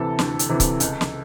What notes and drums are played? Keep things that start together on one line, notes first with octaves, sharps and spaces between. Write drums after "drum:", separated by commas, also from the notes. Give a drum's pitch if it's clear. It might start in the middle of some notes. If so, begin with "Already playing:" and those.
Already playing: D2 C3 E3 A4
D2, drum: snare
drum: hi-hat
C3 E3
drum: kick C#1, hi-hat
C#2, drum: hi-hat
drum: snare